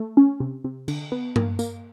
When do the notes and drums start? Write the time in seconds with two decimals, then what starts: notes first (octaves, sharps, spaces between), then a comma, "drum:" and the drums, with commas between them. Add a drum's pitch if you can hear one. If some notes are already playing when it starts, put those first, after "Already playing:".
Already playing: A3
0.17 C#4
0.40 C3
0.64 C3
0.88 D3, drum: cymbal
1.12 B3
1.36 A#3, drum: tom G2
1.59 A#3, drum: tambourine